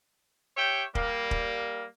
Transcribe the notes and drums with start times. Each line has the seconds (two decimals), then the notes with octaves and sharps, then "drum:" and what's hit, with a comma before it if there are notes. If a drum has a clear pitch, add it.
0.57 G4 C#5 E5 G5
0.95 G3 A#3, drum: kick
1.31 drum: kick